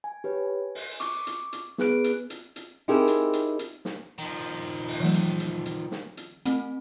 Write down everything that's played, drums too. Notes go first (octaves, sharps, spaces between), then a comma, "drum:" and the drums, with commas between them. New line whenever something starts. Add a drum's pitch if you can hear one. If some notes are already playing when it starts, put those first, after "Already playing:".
G#5
G4 B4 C#5
G#5
drum: open hi-hat
C#6 D6, drum: hi-hat
drum: hi-hat
drum: hi-hat
B3 G#4 B4 F#6 D7, drum: snare
drum: hi-hat
drum: hi-hat
drum: hi-hat
C4 D#4 E4 G4 G#4 A#4
drum: hi-hat
drum: hi-hat
drum: hi-hat
drum: snare
D#3 F3
drum: open hi-hat
D3 E3 F#3 A3
drum: hi-hat
drum: hi-hat
drum: hi-hat
drum: snare
drum: hi-hat
A3 C4, drum: hi-hat